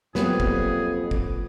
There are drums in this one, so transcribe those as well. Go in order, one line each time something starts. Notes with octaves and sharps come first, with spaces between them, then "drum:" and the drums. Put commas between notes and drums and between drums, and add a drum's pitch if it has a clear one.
F2 F#3 A#3 B3 G4 G#4, drum: snare
drum: kick
drum: kick